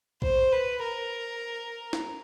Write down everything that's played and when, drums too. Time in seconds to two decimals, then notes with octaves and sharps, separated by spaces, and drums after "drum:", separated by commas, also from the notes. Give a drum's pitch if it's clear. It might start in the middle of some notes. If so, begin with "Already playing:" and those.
0.22 C5, drum: kick A#1
0.52 B4
0.84 A#4
1.93 drum: snare